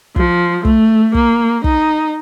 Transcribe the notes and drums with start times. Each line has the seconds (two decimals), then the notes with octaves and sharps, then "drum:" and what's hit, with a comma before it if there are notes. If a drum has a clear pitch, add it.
0.16 F3, drum: kick
0.65 A3, drum: kick
1.14 A#3, drum: kick
1.64 D#4, drum: kick